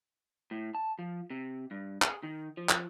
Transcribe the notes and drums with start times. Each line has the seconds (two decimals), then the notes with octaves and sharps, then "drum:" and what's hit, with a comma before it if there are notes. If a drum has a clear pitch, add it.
0.51 A2
0.75 A5
0.99 F3
1.30 C3
1.71 G2
2.02 G#4, drum: clap
2.23 D#3
2.57 F3
2.69 drum: clap